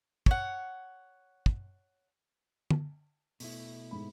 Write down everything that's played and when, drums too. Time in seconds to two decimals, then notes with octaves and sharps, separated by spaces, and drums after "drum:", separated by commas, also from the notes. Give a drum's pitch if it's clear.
0.26 C#5 F#5, drum: kick
1.46 drum: kick
2.71 drum: tom
3.40 B2 A3 E4, drum: open hi-hat
3.91 G#2 B5